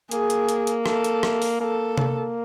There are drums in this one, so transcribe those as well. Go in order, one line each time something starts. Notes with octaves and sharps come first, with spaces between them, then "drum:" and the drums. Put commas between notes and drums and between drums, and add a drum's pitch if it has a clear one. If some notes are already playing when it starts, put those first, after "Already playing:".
A#3 G#4, drum: hi-hat
drum: hi-hat
drum: hi-hat
drum: hi-hat
A4, drum: rim click
drum: hi-hat
drum: rim click
drum: open hi-hat
A#3 A4
drum: tom C3